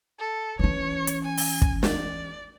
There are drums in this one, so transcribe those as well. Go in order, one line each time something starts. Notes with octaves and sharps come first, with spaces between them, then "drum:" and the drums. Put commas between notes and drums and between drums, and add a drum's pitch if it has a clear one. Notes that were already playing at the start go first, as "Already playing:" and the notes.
A4
E3 C#4 C#5
drum: hi-hat
G#5
drum: open hi-hat
drum: kick
D5, drum: snare